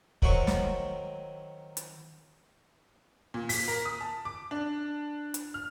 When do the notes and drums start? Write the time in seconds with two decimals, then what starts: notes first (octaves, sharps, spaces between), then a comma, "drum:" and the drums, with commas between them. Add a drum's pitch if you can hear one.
0.22 D#3 F#3 C4 F#4 E5 C#6, drum: kick
0.47 drum: snare
1.77 drum: hi-hat
3.34 A#2
3.49 B6, drum: open hi-hat
3.68 A#4
3.85 D#6
4.01 A5
4.25 D6
4.51 D4
5.34 drum: hi-hat
5.54 F6